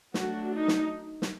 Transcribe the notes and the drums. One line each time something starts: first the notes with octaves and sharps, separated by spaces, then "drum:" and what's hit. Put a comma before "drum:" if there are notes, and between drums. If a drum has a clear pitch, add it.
F#3 A3 D4 F#4, drum: snare
D#4
drum: snare
drum: snare